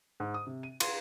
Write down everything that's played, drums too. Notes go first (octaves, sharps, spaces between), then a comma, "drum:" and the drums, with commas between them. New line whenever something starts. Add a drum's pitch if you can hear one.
G#2
D#6
C3
D#7
C6, drum: cymbal